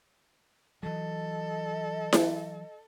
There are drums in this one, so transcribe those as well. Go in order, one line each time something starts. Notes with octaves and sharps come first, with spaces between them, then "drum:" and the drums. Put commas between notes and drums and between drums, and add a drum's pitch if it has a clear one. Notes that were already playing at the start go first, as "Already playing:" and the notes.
E3 F#3 A4 D#5
drum: snare E4